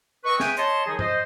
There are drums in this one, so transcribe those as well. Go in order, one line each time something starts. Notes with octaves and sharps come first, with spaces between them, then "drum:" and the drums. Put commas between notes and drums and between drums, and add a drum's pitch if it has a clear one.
C4 B4 D#5 C#6
G#4 B4 E5 G5 G#5, drum: snare
C#5 D#5 A5 C6, drum: hi-hat
D#3 F3 F#3 D#4 G#4
C5 D#5, drum: tom G#2